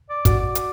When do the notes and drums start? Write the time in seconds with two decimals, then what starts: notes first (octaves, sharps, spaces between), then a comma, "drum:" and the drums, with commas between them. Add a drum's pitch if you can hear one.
0.09 D5
0.25 F#4 D5, drum: kick, hi-hat
0.40 D5
0.55 drum: hi-hat